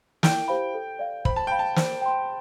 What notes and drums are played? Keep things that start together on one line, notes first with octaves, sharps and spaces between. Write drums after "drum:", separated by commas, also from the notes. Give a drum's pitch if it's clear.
E4 G5, drum: snare
G4 C5 F5 B5
A4
D5 F5
C5 B5, drum: kick
A5
F5 G5 B5
A5
C5, drum: snare
G5 C6